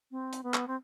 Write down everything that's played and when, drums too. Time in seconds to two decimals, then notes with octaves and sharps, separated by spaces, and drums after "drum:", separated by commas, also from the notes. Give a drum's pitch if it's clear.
0.11 C4
0.33 drum: hi-hat
0.43 B3
0.54 drum: clap
0.67 C4